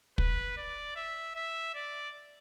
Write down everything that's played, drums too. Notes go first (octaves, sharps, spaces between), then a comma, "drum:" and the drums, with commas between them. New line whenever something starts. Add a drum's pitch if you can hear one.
B4, drum: kick
D5
E5
E5
D5